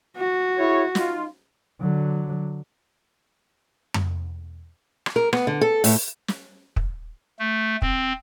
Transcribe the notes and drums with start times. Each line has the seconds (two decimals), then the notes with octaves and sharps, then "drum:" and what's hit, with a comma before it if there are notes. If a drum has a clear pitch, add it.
0.17 F#4
0.58 E4 G#4 C#5
0.95 D#4 F4, drum: snare
1.81 D3 F#3
3.94 drum: tom F2
5.06 drum: rim click
5.16 A#4
5.33 B3, drum: rim click
5.47 D3
5.61 A4
5.84 A2, drum: open hi-hat
6.28 drum: snare
6.76 drum: kick
7.39 A3
7.82 C4, drum: kick